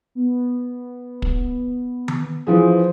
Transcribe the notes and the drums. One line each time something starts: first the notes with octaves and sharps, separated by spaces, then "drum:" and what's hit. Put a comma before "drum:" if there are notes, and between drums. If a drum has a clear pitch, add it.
B3
drum: kick
drum: tom D#3
E3 F3 G#4 C5